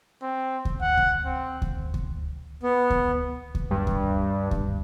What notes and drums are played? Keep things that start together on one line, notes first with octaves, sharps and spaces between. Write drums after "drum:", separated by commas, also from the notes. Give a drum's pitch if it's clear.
C4
drum: kick D2
F#5
drum: kick D2
C4
drum: kick D2
drum: kick D2
B3
drum: kick D2
drum: kick D2
G2
drum: kick D2
drum: kick D2